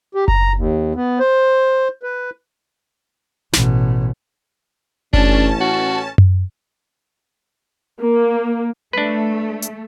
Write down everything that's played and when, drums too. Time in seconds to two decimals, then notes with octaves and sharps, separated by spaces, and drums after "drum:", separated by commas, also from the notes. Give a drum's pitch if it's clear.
0.15 G4
0.28 A#5, drum: kick F#1
0.56 D#2
0.95 B3
1.19 C5
2.03 B4
3.53 A1 B2, drum: snare
5.13 A1 C#4 D4 A5, drum: kick F#1
5.61 F#4
6.18 drum: tom F#2
8.01 A#3
8.93 A3 D4 B4
9.62 drum: hi-hat